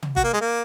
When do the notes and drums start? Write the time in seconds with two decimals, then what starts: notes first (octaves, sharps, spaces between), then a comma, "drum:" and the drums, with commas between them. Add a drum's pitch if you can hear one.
0.03 drum: tom
0.16 F#4, drum: kick F#1
0.24 A#3
0.33 G#3
0.41 A#3